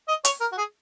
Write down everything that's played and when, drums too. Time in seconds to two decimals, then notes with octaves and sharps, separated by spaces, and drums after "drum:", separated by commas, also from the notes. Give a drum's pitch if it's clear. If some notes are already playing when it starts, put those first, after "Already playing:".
0.08 D#5
0.25 C#5, drum: hi-hat
0.41 A#4
0.52 F#4
0.57 G#4